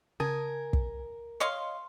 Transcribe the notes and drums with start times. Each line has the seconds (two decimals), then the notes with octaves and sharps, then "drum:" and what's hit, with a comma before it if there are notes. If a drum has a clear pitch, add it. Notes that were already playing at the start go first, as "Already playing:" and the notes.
0.20 C#3 A#4 G#5 A5 D#6
0.73 drum: kick
1.40 C#5 D#5 F5 C6